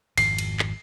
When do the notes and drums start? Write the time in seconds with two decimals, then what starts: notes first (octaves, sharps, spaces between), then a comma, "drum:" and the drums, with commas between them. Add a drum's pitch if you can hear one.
0.18 G#1 F2 G#2 C7, drum: cymbal
0.38 drum: cymbal
0.59 drum: clap